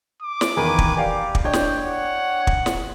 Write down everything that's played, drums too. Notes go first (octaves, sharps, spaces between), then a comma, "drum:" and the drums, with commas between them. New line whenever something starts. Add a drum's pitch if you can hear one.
D6
drum: snare
E2 D#3 A#3 B4 G#5
drum: kick
G4 D5 F5
drum: kick
D4 C#5 D#5 G5 G6
drum: snare
F#5
drum: kick
drum: snare